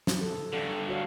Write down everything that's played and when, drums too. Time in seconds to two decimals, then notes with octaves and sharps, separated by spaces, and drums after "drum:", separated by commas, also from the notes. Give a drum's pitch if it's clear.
0.07 drum: snare
0.21 A4
0.53 G2 D3 A4
0.88 F#4 C#5 F5